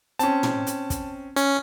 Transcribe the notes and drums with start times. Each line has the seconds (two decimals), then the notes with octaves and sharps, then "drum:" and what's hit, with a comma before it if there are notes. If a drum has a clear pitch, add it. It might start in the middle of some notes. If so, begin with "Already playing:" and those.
0.19 C4 C#4 A5, drum: hi-hat
0.43 drum: tom
0.67 drum: hi-hat
0.90 drum: kick, hi-hat
1.36 C#4, drum: hi-hat